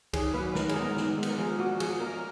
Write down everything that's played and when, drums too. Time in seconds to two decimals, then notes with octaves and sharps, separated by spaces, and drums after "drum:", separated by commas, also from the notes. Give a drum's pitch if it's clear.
0.13 D#3 G#4, drum: kick C#2, cymbal
0.34 F#3 A#3 B4
0.55 D#3 A#4, drum: snare
0.69 G#4, drum: cymbal
0.76 G#3 B3 A#4
0.97 D#3, drum: snare
1.18 G#3
1.23 B3, drum: cymbal
1.29 A#4
1.38 F3 G#4
1.59 A#3 F#4
1.80 F3 G#4, drum: cymbal
2.00 A#3 A#4